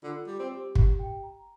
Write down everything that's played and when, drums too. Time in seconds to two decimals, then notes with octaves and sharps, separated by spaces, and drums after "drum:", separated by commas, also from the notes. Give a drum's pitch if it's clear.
0.03 D3 F4
0.27 G3 D6
0.39 C4
0.52 G4
0.75 G4, drum: kick
0.99 G5
1.23 A#5